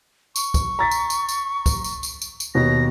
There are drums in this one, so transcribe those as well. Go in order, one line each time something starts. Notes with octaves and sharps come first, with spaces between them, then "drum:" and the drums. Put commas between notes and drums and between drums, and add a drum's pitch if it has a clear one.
C#6, drum: tambourine
drum: kick, tambourine
A#5 A6 B6
drum: tambourine
drum: tambourine
drum: tambourine
drum: kick, tambourine
drum: tambourine
drum: tambourine
drum: tambourine
drum: tambourine
D#2 B2 A#6